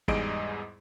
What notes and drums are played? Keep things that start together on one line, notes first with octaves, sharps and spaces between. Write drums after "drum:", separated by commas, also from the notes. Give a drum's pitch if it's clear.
E2 G#2 G3 G#4 D#5 D7, drum: kick